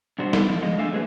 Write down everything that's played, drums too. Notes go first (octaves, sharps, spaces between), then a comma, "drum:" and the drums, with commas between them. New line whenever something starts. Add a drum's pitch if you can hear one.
G2 B2 D4 F#4 C5
B3, drum: snare
F3
F3 G#3 D#5
A3 D4 A4 E5 F5 G#5
F#3 A#3 G#4 A4 B4